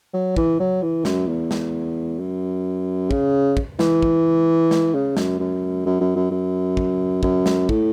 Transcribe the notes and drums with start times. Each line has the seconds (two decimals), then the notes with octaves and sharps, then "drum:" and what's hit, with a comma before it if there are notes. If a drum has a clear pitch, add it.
0.14 F#3
0.36 E3, drum: kick
0.60 F#3
0.82 E3
1.05 F#2, drum: snare
1.28 E2
1.51 drum: snare
2.19 F#2
3.11 C#3, drum: kick
3.57 drum: kick
3.79 E3, drum: snare
4.02 drum: kick
4.71 drum: snare
4.94 C#3
5.17 F#2, drum: snare
5.39 F#2
5.86 F#2
6.01 F#2
6.15 F#2
6.31 F#2
6.77 drum: kick
7.23 F#2, drum: kick
7.46 drum: snare
7.69 A2, drum: kick